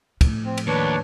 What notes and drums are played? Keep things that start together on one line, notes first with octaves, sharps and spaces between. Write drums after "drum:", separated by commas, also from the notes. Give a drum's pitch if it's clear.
A2 F3, drum: kick, cymbal
C4
drum: cymbal
D#2 D4 B4 C#5